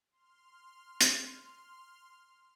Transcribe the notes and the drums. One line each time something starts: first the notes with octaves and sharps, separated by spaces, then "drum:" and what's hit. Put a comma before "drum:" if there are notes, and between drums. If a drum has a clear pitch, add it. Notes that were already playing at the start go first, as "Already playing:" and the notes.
C6 F6
drum: hi-hat